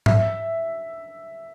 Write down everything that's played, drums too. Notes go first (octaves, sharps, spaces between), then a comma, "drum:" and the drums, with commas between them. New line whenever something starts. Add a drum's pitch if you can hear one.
E5, drum: tom G#2